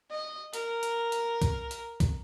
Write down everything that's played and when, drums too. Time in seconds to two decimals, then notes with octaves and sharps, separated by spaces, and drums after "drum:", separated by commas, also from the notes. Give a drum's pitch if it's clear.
0.10 D#5
0.53 A#4, drum: hi-hat
0.83 drum: hi-hat
1.12 drum: hi-hat
1.42 drum: kick B1, hi-hat
1.71 drum: hi-hat
2.00 drum: kick B1, hi-hat